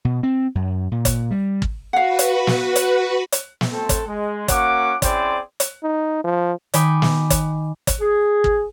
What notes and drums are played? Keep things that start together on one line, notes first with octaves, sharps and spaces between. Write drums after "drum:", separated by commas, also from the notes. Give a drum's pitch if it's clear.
B2
C4
F#2
A#2
drum: kick, hi-hat
G3
drum: kick
F#4 B4 F5 F#5
drum: hi-hat
drum: snare
drum: hi-hat
drum: hi-hat
drum: snare
A3 C4 A4
drum: kick, hi-hat
G#3
A#3 C#4 F#4 F#5 D6, drum: kick, hi-hat
C4 C#4 E4 G#4 C5 D5, drum: kick, hi-hat
drum: hi-hat
D#4
F3
D#3 D#4 D#5 G#5 B5 D6, drum: hi-hat
drum: snare
drum: kick, hi-hat
drum: kick, hi-hat
G#4
drum: kick